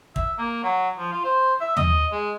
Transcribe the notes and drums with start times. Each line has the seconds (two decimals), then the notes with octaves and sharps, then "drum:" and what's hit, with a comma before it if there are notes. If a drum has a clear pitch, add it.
0.16 E5, drum: kick
0.38 A#3
0.63 F#3
0.98 F3
1.12 F4
1.24 C5
1.61 E5
1.77 D#5, drum: tom
2.12 G#3